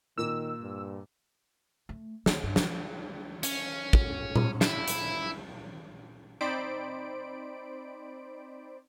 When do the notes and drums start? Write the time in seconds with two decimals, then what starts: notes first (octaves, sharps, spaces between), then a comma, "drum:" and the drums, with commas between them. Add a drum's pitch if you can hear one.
0.18 A#2 D#3 A#3 E6
0.61 G2
1.89 A3
2.26 A#3, drum: snare
2.43 G2
2.56 E3 F3, drum: snare
3.43 C#4, drum: hi-hat
3.93 drum: kick
4.36 drum: tom A#2
4.61 E4, drum: snare
4.88 drum: hi-hat
6.41 C4 D#4 C5 D5 B5 D7